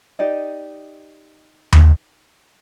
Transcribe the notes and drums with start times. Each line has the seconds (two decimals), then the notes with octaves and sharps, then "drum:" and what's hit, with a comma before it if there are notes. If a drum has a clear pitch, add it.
0.19 D#4 G4 D5 D#5
1.73 drum: tom D#2